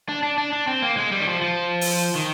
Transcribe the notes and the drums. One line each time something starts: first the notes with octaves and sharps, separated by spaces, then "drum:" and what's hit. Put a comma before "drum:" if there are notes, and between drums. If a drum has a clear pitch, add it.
D4
D4
D4
D4
C4
A#3
G#3
G3
D#3
F3
F3
drum: open hi-hat
D#3